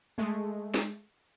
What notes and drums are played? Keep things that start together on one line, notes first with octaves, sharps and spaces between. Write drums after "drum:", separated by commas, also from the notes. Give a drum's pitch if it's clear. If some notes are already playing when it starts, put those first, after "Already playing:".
G#3 A3
drum: snare